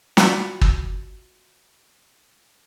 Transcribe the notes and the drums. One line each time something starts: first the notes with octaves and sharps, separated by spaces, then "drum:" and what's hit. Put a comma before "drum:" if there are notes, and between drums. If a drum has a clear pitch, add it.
F4 F#4 D5 F#5 G5 B5, drum: snare
drum: kick